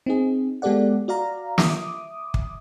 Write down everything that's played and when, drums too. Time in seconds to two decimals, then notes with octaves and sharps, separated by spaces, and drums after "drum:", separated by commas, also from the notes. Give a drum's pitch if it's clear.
0.06 C4 D#4 G#4
0.62 G#3 B3 G4 A4 D5 F#5
1.08 F#4 D5 F5 A#5
1.58 E5 D6 D#6, drum: snare
2.34 drum: kick